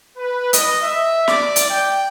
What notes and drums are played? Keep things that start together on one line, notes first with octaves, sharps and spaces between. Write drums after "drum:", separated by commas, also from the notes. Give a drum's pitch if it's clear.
B4
D#5, drum: hi-hat
E5
D5, drum: snare
drum: hi-hat
G5